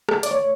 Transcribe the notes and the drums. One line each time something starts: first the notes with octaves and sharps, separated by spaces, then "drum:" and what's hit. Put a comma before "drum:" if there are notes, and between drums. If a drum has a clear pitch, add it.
drum: rim click
D5, drum: hi-hat
A3 C#5